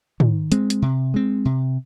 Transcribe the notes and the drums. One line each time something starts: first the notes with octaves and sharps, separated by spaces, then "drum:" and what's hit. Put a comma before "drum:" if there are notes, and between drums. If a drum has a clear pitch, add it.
D#3, drum: tom
G#3 C4, drum: hi-hat
drum: hi-hat
C3
G#3 C4
C3